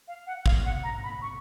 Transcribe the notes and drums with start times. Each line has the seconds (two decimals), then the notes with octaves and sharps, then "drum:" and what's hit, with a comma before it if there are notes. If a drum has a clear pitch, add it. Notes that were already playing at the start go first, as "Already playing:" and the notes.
0.08 F5
0.27 F#5
0.46 F5, drum: kick
0.65 F#5
0.83 A#5
1.03 B5
1.22 C#6